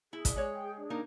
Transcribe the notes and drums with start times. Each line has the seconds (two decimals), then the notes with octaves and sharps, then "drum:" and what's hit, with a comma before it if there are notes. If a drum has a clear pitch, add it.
0.13 E4 G#4
0.25 D5, drum: kick, hi-hat
0.36 G#3 C#5
0.54 G5
0.78 D4
0.90 A#3 D#4 A#4